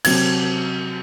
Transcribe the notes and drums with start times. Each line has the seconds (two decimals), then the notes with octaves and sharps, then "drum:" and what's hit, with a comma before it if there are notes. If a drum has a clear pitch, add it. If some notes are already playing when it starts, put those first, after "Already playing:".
0.05 C3 F#3 C4 G#6, drum: cymbal